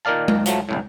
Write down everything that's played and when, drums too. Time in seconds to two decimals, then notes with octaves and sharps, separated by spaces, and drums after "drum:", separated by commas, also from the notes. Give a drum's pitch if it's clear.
0.05 A#2 D#3 A#4 D5 F5 A5
0.28 drum: tom G#3
0.46 F3 F#3 A3, drum: hi-hat
0.69 G1 C2 A2